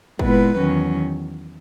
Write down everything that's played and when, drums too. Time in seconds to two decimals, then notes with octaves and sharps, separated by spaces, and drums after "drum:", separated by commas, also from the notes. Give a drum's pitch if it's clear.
0.19 A#2 G#3 B3 E4 B4, drum: kick
0.59 E2 D#3 F#3 C#4